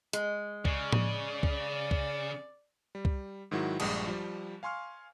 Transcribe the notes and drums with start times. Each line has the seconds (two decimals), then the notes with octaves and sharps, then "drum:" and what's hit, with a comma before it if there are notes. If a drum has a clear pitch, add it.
0.13 G#3, drum: hi-hat
0.65 C#3 D5, drum: kick C2
0.92 drum: tom A2
1.43 drum: kick C2
1.91 drum: kick C2
2.95 G3
3.05 drum: kick C2
3.51 G#2 D#3 F#3 E4 F#4
3.80 A#1 G2 G#3 D4 D#6, drum: cymbal
4.07 F3 G3
4.63 F5 G#5 C6 C#6 F6